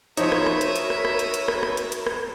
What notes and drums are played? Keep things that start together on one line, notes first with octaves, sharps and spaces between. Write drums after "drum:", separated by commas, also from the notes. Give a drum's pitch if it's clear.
F3 D#4 F#4 A#4 C#5 E5 D#6, drum: hi-hat
drum: rim click
drum: rim click
drum: hi-hat
drum: hi-hat
drum: rim click
drum: rim click
drum: hi-hat
drum: hi-hat
drum: rim click
drum: rim click
drum: hi-hat
drum: hi-hat
drum: rim click